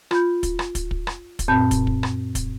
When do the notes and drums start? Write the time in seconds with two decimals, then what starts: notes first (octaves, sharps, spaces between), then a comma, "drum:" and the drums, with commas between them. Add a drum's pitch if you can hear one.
0.11 F4 B5 G6, drum: rim click
0.43 drum: kick, hi-hat
0.59 drum: rim click
0.75 drum: kick, hi-hat
0.91 drum: kick
1.07 drum: rim click
1.39 drum: kick, hi-hat
1.48 F#2 A#2 C4 A5 B5 G6
1.71 drum: kick, hi-hat
1.87 drum: kick
2.03 drum: rim click
2.35 drum: kick, hi-hat